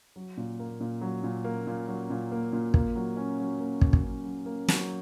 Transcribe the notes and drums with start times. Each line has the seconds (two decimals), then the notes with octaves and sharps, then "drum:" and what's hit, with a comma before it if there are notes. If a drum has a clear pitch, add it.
0.16 F#3
0.37 A#2
0.60 A#3
0.80 A#2
1.01 F#3
1.24 A#2
1.44 A#3
1.67 A#2
1.88 F#3
2.10 A#2
2.32 A#3
2.53 A#2
2.74 A#3, drum: kick
2.96 F#3
3.17 C#4
3.39 F#3
3.60 A#3
3.81 F#3, drum: kick
3.93 drum: kick
4.03 C#4
4.24 F#3
4.46 A#3
4.68 F#3, drum: snare